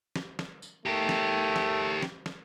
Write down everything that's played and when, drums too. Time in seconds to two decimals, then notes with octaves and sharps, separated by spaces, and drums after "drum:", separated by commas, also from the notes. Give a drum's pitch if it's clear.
0.16 drum: snare
0.39 drum: snare
0.62 drum: tambourine
0.86 A3 G4 A#4
1.09 drum: snare
1.56 drum: snare
2.02 drum: snare
2.26 drum: snare